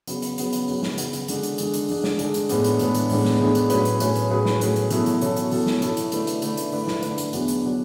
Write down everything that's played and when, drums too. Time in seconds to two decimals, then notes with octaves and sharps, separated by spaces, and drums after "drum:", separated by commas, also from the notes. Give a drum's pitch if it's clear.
0.07 C#3 F#3 B3, drum: hi-hat
0.22 drum: hi-hat
0.38 C#3 F#3 B3, drum: hi-hat
0.53 drum: hi-hat
0.68 C#3 F#3 B3, drum: open hi-hat
0.83 drum: snare
0.98 C#3 F#3 B3, drum: hi-hat
1.13 drum: hi-hat
1.28 D3 G#3 D4, drum: hi-hat
1.43 drum: hi-hat
1.58 D3 G#3 D4, drum: hi-hat
1.74 drum: hi-hat
1.88 D3 G#3 D4, drum: open hi-hat
2.04 drum: snare
2.19 D3 G#3 D4, drum: hi-hat
2.34 drum: hi-hat
2.49 A2 G#3 B3 D4, drum: hi-hat
2.64 drum: hi-hat
2.79 A2 G#3 B3 D4, drum: hi-hat
2.94 drum: hi-hat
3.09 A2 G#3 B3 D4, drum: open hi-hat
3.25 drum: snare
3.40 A2 G#3 B3 D4
3.55 drum: hi-hat
3.70 A2 F#3 C#4 G#4 B4, drum: hi-hat
3.85 drum: hi-hat
4.00 A2 F#3 C#4 G#4 B4, drum: hi-hat
4.15 drum: hi-hat
4.30 A2 F#3 C#4 G#4 B4
4.46 drum: snare
4.61 A2 F#3 C#4 G#4 B4, drum: hi-hat
4.76 drum: hi-hat
4.90 B2 F#3 C#4 E4 A4, drum: hi-hat
5.06 drum: hi-hat
5.21 B2 F#3 C#4 E4 A4, drum: hi-hat
5.36 drum: hi-hat
5.51 B2 F#3 C#4 E4 A4, drum: open hi-hat
5.67 drum: snare
5.82 B2 F#3 C#4 E4 A4, drum: hi-hat
5.97 drum: hi-hat
6.12 D3 A3 E4 B4 D5, drum: hi-hat
6.27 drum: hi-hat
6.42 D3 A3 E4 B4 D5, drum: hi-hat
6.57 drum: hi-hat
6.72 D3 A3 E4 B4 D5, drum: open hi-hat
6.88 drum: snare
7.03 D3 A3 E4 B4 D5, drum: hi-hat
7.18 drum: hi-hat
7.33 E2 B2 F#3 B3 D4, drum: hi-hat
7.48 drum: hi-hat
7.64 B2 F#3 B3 D4